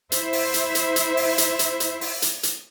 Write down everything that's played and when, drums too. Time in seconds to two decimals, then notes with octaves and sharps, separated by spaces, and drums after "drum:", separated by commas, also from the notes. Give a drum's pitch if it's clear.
0.12 E4 C5 E5, drum: hi-hat
0.33 drum: open hi-hat
0.54 drum: hi-hat
0.75 drum: hi-hat
0.96 drum: hi-hat
1.17 drum: open hi-hat
1.38 drum: hi-hat
1.59 drum: hi-hat
1.80 drum: hi-hat
2.01 drum: open hi-hat
2.22 drum: hi-hat
2.43 drum: hi-hat